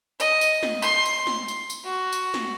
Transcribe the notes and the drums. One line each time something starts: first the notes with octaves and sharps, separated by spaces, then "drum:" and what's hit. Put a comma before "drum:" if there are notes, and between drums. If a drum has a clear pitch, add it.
D#5, drum: tambourine
drum: tambourine
drum: snare
C6, drum: tambourine
drum: tambourine
drum: snare
drum: tambourine
drum: tambourine
F#4
drum: tambourine
drum: snare